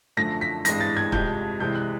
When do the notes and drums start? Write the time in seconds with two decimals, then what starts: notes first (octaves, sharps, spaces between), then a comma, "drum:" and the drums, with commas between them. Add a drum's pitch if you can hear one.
0.17 F#2 D3 F3 A3 A#6
0.41 B6
0.65 G#1 G2 E3 G#3 A#6, drum: hi-hat
0.81 A6
0.97 G#6
1.12 F2 C3 F3 G#3 G6, drum: kick
1.60 C2 C3 E3 G#3 G6
1.75 F#6